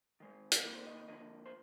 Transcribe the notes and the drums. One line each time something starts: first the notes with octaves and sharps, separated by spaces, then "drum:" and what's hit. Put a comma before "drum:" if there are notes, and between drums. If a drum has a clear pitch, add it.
D#3 G#3
drum: hi-hat
C3 D#3 A#3 D5
C5
D#5
D#5
D3 F3 A#3 D#5
C5